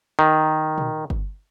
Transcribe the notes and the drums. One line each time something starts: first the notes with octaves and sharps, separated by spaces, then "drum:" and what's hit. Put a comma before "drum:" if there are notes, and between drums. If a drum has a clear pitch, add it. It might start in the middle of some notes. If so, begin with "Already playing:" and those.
D#3
drum: tom A#2
drum: kick G1